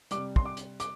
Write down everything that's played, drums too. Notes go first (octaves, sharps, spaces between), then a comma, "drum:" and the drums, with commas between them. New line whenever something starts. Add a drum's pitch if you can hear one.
C3 G3 D6, drum: hi-hat
C6, drum: kick
D6
drum: hi-hat
D6, drum: hi-hat